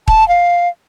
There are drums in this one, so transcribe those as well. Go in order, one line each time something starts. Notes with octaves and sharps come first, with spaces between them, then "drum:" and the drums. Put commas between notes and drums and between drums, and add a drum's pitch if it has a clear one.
A5, drum: kick
F5